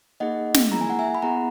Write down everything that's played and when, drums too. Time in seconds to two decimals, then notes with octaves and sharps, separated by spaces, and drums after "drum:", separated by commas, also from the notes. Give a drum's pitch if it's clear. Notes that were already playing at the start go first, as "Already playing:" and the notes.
0.20 A#3 D#4 G#4 D#5 F#5
0.54 drum: snare
0.71 A#3 E4 G#4 A#5
0.81 G#5
0.90 F#5
0.99 E5 G#5
1.15 B5
1.22 B3 E4 G#4 F#5 A#5